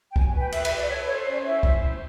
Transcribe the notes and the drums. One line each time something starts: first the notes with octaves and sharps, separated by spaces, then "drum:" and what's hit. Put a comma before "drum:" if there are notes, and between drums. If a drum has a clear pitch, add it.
G5
F#4 G#5, drum: kick
G#5
B4
G5
F#4 E5, drum: cymbal
E5, drum: cymbal
B4
D5
A4 C#5
C5 C#5
C#4 D5
E4 E5
C5, drum: kick
E4